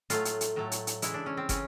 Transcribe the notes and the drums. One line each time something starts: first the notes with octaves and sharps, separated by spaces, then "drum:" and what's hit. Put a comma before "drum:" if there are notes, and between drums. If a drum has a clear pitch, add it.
A2 F#3 A3 F4, drum: hi-hat
drum: hi-hat
drum: hi-hat
A2 F#3 A3
drum: hi-hat
drum: hi-hat
C#3 E3 G#3 E4, drum: hi-hat
D4
C#4
C4
C#3 E3 C#4, drum: kick, hi-hat